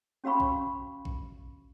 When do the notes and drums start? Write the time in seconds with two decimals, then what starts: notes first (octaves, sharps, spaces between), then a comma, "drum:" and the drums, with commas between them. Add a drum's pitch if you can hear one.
0.24 C#4 F#4 F5 B5 C#6
0.40 drum: kick A#1
1.05 drum: kick A#1